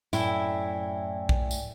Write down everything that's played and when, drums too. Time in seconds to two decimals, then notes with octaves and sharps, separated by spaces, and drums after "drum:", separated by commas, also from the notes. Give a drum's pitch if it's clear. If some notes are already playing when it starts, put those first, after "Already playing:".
0.13 F#2 A2 E4 D5 G5 G#5, drum: tambourine
1.29 drum: kick
1.51 drum: tambourine